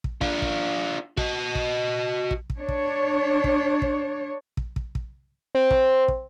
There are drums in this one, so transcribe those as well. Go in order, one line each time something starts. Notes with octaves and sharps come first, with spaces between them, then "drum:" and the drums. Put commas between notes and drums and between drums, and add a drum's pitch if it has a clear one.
drum: kick
D4 F4, drum: kick
drum: kick
F#4 D#5, drum: kick
drum: kick
drum: kick
drum: kick
D4 C#5
drum: kick
drum: kick
drum: kick
drum: kick
drum: kick
drum: kick
C4
drum: kick
drum: kick